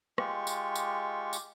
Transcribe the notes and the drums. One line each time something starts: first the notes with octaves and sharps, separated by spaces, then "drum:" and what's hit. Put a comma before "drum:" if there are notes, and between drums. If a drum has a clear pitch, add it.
G#3 F4 G4 C#6, drum: rim click
drum: tambourine
drum: tambourine
drum: tambourine